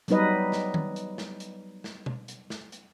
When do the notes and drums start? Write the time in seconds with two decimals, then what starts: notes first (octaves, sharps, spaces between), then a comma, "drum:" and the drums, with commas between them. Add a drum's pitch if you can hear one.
0.08 F#3 G3 B3 D#4 B4 D#5, drum: hi-hat
0.52 drum: snare
0.74 drum: tom D#3
0.96 drum: hi-hat
1.18 drum: snare
1.40 drum: hi-hat
1.84 drum: snare
2.06 drum: tom
2.28 drum: hi-hat
2.50 drum: snare
2.72 drum: hi-hat